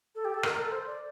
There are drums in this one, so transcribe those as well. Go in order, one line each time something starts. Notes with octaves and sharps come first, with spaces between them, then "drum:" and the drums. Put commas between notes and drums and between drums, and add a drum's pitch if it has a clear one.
A4
G4
A4
A#4, drum: rim click
A#4
A4
C5
D5